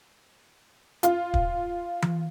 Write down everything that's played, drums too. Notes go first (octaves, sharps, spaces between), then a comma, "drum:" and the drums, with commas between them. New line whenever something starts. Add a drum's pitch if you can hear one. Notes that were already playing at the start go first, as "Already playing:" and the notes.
F4, drum: hi-hat
drum: kick
drum: tom E3